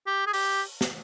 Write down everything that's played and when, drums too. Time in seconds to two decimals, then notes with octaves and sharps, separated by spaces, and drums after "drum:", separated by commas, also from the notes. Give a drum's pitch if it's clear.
0.07 G4
0.27 G#4
0.33 G4, drum: open hi-hat
0.81 drum: snare